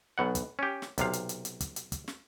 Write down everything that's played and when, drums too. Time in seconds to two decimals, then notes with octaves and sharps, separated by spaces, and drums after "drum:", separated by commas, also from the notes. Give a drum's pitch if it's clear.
0.18 B1 B2 F#5
0.35 drum: kick, hi-hat
0.59 C#4 G4
0.82 drum: snare
0.98 B1 C3 F5, drum: kick, hi-hat
1.13 drum: hi-hat
1.29 drum: hi-hat
1.45 drum: hi-hat
1.60 drum: kick, hi-hat
1.76 drum: hi-hat
1.92 drum: kick, hi-hat
2.08 drum: snare